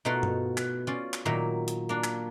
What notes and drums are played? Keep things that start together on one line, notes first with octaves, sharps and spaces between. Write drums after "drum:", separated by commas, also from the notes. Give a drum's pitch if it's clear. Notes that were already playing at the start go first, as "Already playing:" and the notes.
B2 A3 D#4 F4 A#4 F#5
drum: tom G2
B4, drum: clap
C#4 F4 D5
drum: clap
A#2 D#3 F#3 A#3 E4
drum: hi-hat
A#3 D4
drum: clap